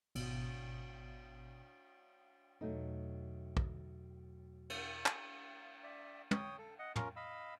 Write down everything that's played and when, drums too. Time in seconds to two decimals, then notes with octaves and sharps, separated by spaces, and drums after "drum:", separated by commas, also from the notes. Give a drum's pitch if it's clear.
0.15 G#1 B2, drum: cymbal
2.61 E2 B2 F#3 A3 D#4
3.57 drum: kick
4.70 drum: cymbal
5.06 drum: clap
5.83 D5 E5
6.31 C#5 G5 D#6, drum: tom
6.58 A4
6.79 D#5 F#5
6.96 C#4 F4 A#4, drum: tom
7.16 D#5 F5 B5 E6